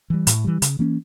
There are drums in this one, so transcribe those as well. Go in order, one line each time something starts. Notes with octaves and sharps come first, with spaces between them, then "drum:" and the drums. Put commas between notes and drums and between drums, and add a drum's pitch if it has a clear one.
E3 G3
A2, drum: hi-hat
E3 G3
C#3, drum: hi-hat
E3 A#3 C#4